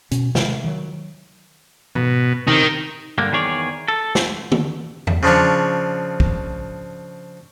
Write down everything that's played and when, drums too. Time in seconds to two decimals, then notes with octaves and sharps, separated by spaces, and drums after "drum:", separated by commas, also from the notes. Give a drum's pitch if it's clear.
0.11 B2 C#4, drum: hi-hat
0.35 C3 D#3 G#3 A3, drum: snare
0.64 D#3 F#3
1.95 B2, drum: tom G#2
2.47 C3 D#3 D#4
3.18 G2 D3 A#3
3.32 E2 D#3 G#4 C#5 D5
3.88 A4
4.15 drum: snare
4.52 drum: tom
5.07 drum: tom E2
5.23 C#3 F3 D4 C#5
6.20 drum: kick